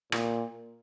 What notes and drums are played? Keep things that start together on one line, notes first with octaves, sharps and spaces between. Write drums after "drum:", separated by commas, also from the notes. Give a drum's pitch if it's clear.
A#2, drum: rim click